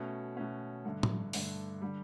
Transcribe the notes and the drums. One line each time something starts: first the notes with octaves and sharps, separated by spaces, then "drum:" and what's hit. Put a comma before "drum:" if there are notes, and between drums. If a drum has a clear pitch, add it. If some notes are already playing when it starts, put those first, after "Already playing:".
Already playing: B2 A3 C#4
B2 A3 C#4
G2 D3 A3
drum: tom
G2 D3 A3, drum: open hi-hat
D3 G3